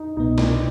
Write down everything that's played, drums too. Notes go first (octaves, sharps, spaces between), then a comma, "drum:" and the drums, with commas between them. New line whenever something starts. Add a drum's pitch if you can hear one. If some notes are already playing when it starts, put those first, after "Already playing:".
Already playing: D#4
C2 B2 B3 D#4
D4, drum: snare